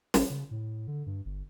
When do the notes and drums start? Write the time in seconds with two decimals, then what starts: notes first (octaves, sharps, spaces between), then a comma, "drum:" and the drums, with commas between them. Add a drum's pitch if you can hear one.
0.14 G#1, drum: snare
0.30 C#3
0.51 A2
0.87 D3
1.06 G2
1.25 G1